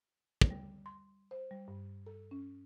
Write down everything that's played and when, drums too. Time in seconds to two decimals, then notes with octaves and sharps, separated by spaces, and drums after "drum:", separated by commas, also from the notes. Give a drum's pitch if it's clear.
0.41 drum: kick
0.50 G3
0.86 C6
1.31 C5
1.51 G3
1.68 G2
2.07 A4
2.31 C#4